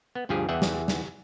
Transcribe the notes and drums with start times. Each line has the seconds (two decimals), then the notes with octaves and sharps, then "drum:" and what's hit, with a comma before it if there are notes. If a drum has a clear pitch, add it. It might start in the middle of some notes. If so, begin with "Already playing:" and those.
0.15 B3
0.29 D2 G2 F3 G4 G#4
0.49 E2 E3 G#4 E5 F#5 G5
0.62 drum: snare
0.88 drum: snare